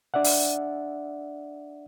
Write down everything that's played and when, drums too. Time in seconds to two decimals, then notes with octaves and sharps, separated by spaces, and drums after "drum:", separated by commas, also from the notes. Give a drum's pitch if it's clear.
0.14 D4 D5 E5 F#5
0.24 drum: open hi-hat